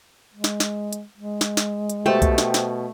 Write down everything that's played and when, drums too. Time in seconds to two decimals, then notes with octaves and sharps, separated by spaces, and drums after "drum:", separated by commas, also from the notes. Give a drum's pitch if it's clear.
0.35 G#3
0.44 drum: snare
0.60 drum: snare
0.93 drum: hi-hat
1.17 G#3
1.41 drum: snare
1.57 drum: snare
1.90 drum: hi-hat
2.06 B2 A3 G4 C5 G5 A5
2.22 drum: kick B1, hi-hat
2.38 drum: snare
2.54 drum: snare